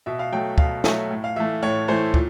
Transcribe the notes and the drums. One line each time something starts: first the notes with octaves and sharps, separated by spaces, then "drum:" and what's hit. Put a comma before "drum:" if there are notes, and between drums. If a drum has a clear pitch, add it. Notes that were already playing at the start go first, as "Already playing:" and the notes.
B2 E5
F5
F#3 A3 G5
B2 F5, drum: kick
F#3 A3 E5, drum: snare
A2
F5
E3 A3 E5
A2 C#5
E3 A3 C5
A#2, drum: kick